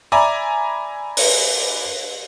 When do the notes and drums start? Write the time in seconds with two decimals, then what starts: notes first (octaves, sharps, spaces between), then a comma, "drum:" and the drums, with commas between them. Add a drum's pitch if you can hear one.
0.12 D5 E5 G#5 A#5 B5
1.17 drum: open hi-hat